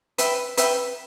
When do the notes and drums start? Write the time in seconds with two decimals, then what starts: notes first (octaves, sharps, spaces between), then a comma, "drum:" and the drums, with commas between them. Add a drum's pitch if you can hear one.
0.18 B4 E5 G5, drum: hi-hat
0.57 B4 E5 G5, drum: hi-hat